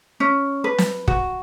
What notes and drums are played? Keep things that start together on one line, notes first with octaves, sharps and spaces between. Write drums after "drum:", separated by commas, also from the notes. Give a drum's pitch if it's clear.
C#4
B4
drum: snare
F#4, drum: kick